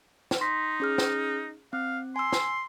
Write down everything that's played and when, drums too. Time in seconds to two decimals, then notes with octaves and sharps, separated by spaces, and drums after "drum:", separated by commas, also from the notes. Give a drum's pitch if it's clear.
0.31 drum: snare
0.41 D#4 C6 A#6 B6
0.80 C#4 G#4 F6
0.98 drum: snare
1.73 C4 F5
2.16 G#5 C6 E6
2.33 drum: snare